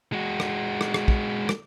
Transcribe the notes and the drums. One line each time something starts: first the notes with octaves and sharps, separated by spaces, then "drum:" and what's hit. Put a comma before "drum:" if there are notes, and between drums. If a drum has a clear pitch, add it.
G#3 F#4
drum: rim click
drum: rim click
drum: rim click
drum: kick
drum: rim click